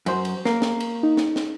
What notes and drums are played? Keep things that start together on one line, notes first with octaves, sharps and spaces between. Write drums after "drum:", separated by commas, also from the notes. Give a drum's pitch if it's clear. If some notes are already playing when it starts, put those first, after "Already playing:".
F#2 C5, drum: cymbal
drum: cymbal
A#3, drum: snare
drum: snare
drum: cymbal
D#4
drum: snare
drum: snare